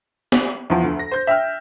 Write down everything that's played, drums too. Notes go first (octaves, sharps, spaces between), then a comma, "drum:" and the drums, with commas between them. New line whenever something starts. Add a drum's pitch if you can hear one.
drum: snare
E2 F3
D2
A#6
C5 G6
E5 G5 F6